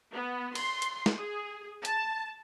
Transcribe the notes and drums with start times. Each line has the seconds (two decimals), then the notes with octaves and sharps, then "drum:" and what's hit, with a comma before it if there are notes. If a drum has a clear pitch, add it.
0.13 B3
0.55 C6, drum: cymbal
0.82 drum: hi-hat
1.06 drum: snare
1.18 G#4
1.85 A5, drum: hi-hat